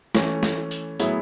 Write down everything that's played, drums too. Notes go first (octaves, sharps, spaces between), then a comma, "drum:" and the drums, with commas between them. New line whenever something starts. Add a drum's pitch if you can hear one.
E3 A3 C#4, drum: snare
drum: snare
drum: tambourine
A2 F#3 B3 E4 G#4, drum: tambourine